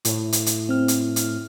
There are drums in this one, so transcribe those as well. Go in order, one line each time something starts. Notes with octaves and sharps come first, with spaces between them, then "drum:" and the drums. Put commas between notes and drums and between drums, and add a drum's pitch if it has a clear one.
A2, drum: hi-hat
drum: hi-hat
drum: hi-hat
C4 F6
drum: hi-hat
drum: hi-hat